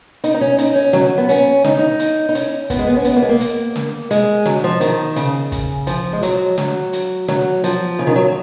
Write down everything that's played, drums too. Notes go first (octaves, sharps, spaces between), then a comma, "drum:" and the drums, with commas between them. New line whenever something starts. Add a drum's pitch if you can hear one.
D#4, drum: hi-hat
D#4
C#4
D#4, drum: hi-hat
C#4
F#3, drum: snare
B3
C#4, drum: hi-hat
D#4, drum: snare
D#4
drum: hi-hat
D#4
C#4, drum: hi-hat
B3, drum: kick, hi-hat
G#3
B3
C#4
B3, drum: hi-hat
A#3
G#3
A#3
drum: hi-hat
drum: snare
G#3, drum: hi-hat
F#3, drum: snare
F3
D#3, drum: hi-hat
C#3, drum: hi-hat
drum: kick, hi-hat
F3, drum: hi-hat
G#3
F#3, drum: hi-hat
F#3, drum: snare
drum: hi-hat
F#3, drum: snare
F3, drum: hi-hat
C#3
D#3
F#3